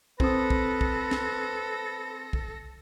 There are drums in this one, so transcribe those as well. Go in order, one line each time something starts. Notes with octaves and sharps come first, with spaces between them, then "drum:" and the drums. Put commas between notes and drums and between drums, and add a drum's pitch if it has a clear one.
C4 A4 B4 D#6 A#6, drum: kick
drum: kick
drum: kick
drum: snare
drum: kick